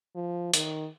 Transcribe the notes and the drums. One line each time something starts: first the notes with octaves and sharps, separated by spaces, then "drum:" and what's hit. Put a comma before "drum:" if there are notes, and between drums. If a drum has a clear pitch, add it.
F3
D#3, drum: hi-hat